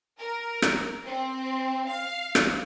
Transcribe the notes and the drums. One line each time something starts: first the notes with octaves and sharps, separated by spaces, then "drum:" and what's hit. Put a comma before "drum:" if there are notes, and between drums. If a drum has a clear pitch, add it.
A#4
drum: rim click
C4
F5
drum: rim click